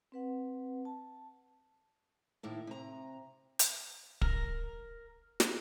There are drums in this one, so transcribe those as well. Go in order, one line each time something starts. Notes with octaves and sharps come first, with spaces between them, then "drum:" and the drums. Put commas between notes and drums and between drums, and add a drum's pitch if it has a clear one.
C4 B4 F#5
A5
A2 D#3 A#3 E4
C3 A#5
drum: hi-hat
A#4, drum: kick
drum: snare